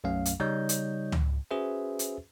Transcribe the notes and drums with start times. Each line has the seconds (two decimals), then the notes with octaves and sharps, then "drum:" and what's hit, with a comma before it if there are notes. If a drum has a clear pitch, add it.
0.04 B1 F#2 F#3 A3 C#4 F5
0.26 drum: hi-hat
0.40 C#3 G3 D#4 C#5 D#5 G6
0.69 drum: hi-hat
1.12 drum: tom C#2
1.51 C#4 F#4 G#4 B4 C5 E5
1.99 drum: hi-hat